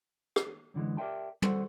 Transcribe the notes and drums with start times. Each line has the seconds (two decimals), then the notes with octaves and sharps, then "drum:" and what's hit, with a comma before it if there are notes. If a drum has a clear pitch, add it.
0.36 drum: rim click
0.74 F#2 D3 E3 G#3
0.97 G4 A#4 D5 E5 G5 A5
1.42 G3 F#4 G#4 A4 C5 F#5, drum: tom